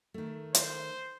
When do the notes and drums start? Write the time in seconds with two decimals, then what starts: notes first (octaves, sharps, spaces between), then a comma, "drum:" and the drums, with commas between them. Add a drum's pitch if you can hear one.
0.14 D#3 A3
0.55 C5, drum: hi-hat